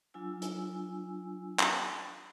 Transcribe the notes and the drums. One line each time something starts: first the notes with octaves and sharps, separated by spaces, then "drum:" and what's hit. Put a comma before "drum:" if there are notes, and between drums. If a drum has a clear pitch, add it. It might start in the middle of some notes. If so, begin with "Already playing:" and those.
F#3 D4 F4 G#5 E6
drum: hi-hat
drum: clap